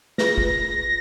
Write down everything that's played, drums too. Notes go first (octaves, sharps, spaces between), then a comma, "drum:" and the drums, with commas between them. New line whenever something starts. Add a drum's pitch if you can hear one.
F4 G#4 B4 A#6, drum: snare
drum: kick